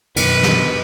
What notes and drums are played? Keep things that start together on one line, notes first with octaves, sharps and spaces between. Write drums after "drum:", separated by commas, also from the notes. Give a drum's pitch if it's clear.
F#2 B2 D#3 B4, drum: cymbal
drum: snare